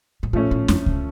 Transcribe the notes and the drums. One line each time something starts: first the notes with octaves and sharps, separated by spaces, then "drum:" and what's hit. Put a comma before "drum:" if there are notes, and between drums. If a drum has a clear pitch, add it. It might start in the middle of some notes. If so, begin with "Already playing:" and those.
A2
A#2 F3 A3 C#4
A2
F2, drum: snare
drum: kick C#2